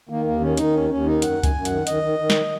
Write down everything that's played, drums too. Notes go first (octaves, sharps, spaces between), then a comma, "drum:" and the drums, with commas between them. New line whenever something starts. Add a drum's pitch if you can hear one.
D#3 A#3
D#2 A#3
D#3 C#4
D#3 D#4, drum: hi-hat
D#2 C#4
D#2 C#4
D#3 D#4
F#2 F#5, drum: hi-hat
F#2
G#5, drum: kick C#2, hi-hat
F#2
D#3 F#5, drum: hi-hat
D#3 D#5, drum: hi-hat
D#3
D#3
drum: snare